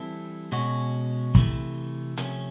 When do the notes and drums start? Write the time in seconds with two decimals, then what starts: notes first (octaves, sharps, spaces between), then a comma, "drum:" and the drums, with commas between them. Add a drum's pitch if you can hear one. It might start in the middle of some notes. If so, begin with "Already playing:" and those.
Already playing: E3 G3 C4 E4 A4
0.52 B2 G#3 C#4 F#4
1.35 C3 E3 A3, drum: kick
2.17 C3 F3 A3 C#4, drum: hi-hat